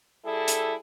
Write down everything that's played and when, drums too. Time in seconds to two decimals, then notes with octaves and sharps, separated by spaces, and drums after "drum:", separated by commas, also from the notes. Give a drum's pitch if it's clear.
0.25 G3 E4 G#4 A4
0.48 drum: hi-hat